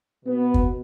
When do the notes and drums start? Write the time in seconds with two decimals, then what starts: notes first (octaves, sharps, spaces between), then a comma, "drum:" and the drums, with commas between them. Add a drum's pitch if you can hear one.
0.25 B2 B3
0.54 drum: kick